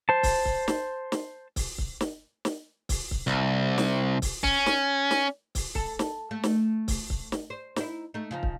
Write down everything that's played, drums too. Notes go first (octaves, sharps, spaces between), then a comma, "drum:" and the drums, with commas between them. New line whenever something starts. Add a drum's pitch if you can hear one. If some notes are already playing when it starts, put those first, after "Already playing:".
C5 A5
drum: kick, open hi-hat
drum: kick
drum: snare
drum: snare
drum: kick, open hi-hat
drum: kick
drum: snare
drum: snare
drum: kick, open hi-hat
drum: kick
C2
drum: snare
drum: kick, open hi-hat
C#4, drum: kick
drum: snare
drum: snare
drum: kick, open hi-hat
A4, drum: kick
drum: snare
A3
drum: snare
drum: kick, open hi-hat
drum: kick
drum: snare
C5
D#4 E4, drum: snare
A3 D#4
C#3 F3 D#4
drum: kick